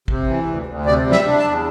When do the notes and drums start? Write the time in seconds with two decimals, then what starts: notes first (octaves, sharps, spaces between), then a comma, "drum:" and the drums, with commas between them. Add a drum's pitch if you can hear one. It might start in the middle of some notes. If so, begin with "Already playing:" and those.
0.08 C3, drum: kick
0.27 E3
0.47 D2
0.66 D2
0.86 C3 D5
1.06 G3
1.12 E5, drum: snare
1.25 D4
1.38 A5
1.45 E2